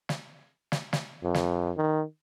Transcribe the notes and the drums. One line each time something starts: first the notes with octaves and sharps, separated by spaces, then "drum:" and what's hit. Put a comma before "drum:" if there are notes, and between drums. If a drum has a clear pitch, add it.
drum: snare
drum: snare
drum: snare
F2
drum: snare
D#3